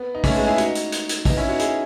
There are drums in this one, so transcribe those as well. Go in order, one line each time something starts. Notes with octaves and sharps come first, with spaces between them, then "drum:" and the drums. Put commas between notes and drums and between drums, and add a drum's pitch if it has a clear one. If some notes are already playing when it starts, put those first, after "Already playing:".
Already playing: B3
D#4
A3 C#4, drum: kick, open hi-hat
G#3 B3
E4 G#4
D#4 F#4, drum: hi-hat
drum: hi-hat
drum: hi-hat
drum: hi-hat
B3 D#4, drum: kick, open hi-hat
C#4 E4
D#4 F#4
E4 G#4, drum: hi-hat